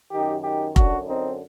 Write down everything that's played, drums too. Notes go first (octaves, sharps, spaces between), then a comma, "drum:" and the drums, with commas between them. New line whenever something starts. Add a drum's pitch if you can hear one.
F#2 D#3 D#4 G4
D#4 G4
F#2 D3 D4 F#4, drum: kick F1
C4 D#4